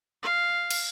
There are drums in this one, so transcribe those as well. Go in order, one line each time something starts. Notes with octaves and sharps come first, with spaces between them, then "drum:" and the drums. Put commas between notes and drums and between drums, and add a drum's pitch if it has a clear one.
F5
drum: cymbal